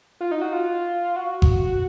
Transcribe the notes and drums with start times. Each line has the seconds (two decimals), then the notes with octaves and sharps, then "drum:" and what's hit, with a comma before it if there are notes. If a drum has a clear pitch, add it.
0.21 F4
0.31 D#4
0.41 F#4
0.53 F4
1.16 F#4
1.42 drum: kick G1